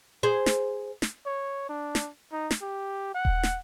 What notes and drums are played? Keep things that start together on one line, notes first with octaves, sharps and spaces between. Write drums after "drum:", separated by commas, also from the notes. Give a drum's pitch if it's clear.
G#4 C5
drum: snare
drum: snare
C#5
D4
drum: snare
D#4
drum: snare
G4
F#5
drum: kick D#1
drum: snare